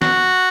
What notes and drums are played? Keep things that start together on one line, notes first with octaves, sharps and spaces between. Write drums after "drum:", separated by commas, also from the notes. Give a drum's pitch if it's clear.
F#4, drum: snare